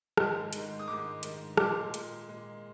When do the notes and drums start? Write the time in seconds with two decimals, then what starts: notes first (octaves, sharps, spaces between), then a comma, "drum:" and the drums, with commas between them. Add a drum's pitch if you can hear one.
0.18 G#2 D#3 G#3, drum: rim click
0.53 G#2 D#3 G#3, drum: hi-hat
0.79 D#6
0.88 G#2 D#3 G#3 D6
1.23 G#2 D#3 G#3, drum: hi-hat
1.57 A#2 G#3 D6, drum: rim click
1.94 A#2 G#3, drum: hi-hat
2.28 A#2 G#3